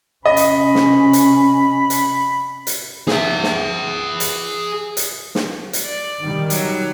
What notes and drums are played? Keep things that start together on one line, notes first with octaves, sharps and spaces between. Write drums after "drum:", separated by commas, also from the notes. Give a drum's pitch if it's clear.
C3 C#4 D#5 B5
drum: hi-hat
drum: snare
drum: hi-hat
drum: hi-hat
drum: hi-hat
G#4 E5, drum: snare
drum: snare
drum: hi-hat
drum: hi-hat
drum: snare
drum: hi-hat
D5
D#3 G3
F#3, drum: hi-hat